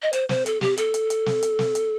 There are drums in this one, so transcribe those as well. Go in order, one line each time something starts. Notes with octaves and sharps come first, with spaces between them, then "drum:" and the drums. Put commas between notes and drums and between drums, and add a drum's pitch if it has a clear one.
D#5
C5, drum: hi-hat
C5, drum: snare
A4, drum: hi-hat
G4, drum: snare
A4, drum: hi-hat
drum: hi-hat
drum: hi-hat
drum: snare
drum: hi-hat
drum: snare
drum: hi-hat